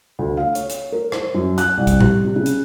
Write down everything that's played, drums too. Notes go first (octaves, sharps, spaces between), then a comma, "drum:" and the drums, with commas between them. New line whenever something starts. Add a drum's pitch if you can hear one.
D2
F5
C#5, drum: hi-hat
drum: hi-hat
A#4
C5, drum: rim click
F#2
F#6, drum: hi-hat
C2
drum: kick A1, hi-hat
G3, drum: tom A2
C3
C#3
drum: hi-hat